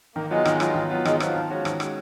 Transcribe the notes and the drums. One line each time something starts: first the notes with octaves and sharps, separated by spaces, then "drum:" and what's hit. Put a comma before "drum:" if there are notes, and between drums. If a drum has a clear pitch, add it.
D#3 A#3
F#3 G#3 B3 F4
D#3, drum: rim click
F#3 B3 F4, drum: rim click
D#3
F#3 B3 F4
D#3 G#3, drum: rim click
F3 F#3 B3 F4, drum: rim click
D#3
G#3 C#4 F#4
D#3, drum: rim click
G#3 C#4 F#4, drum: rim click